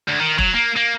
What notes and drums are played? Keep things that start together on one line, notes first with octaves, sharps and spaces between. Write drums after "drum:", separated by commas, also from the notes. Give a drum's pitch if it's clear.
D2
D#3
F#3, drum: kick
A#3
A#3